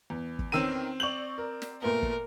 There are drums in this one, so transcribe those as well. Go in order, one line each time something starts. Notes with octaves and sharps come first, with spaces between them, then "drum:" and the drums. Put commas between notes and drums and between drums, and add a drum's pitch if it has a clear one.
E2
drum: kick
D#3 C4 C#4 A#4 E6 D#7
D5 C#6 G6 F7 F#7
A#4
drum: snare
A#2 A3 B3 A#4
drum: kick